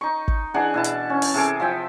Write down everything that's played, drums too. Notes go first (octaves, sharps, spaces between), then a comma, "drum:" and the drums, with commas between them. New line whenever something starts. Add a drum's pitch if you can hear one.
D#4 C#6
drum: kick
E3 D4 G#4 F#5
B2 E4 A5
drum: hi-hat
C#4
drum: open hi-hat
C3 G#4 A4 D6
F3 E5 G5 G#5